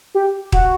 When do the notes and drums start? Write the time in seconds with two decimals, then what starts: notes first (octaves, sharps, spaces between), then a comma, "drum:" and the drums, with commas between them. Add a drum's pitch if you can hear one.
0.15 G4
0.52 F#4, drum: kick D#1